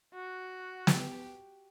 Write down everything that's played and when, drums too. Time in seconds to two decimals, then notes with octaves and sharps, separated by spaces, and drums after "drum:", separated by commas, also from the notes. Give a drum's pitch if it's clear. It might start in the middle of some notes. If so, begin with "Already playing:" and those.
0.15 F#4
0.87 G4, drum: snare